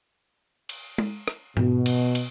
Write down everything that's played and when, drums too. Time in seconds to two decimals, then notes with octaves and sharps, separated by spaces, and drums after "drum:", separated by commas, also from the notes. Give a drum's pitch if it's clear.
0.69 drum: cymbal
0.98 drum: tom G#3
1.28 drum: rim click
1.57 B2, drum: tom G#2
1.86 drum: cymbal
2.15 drum: cymbal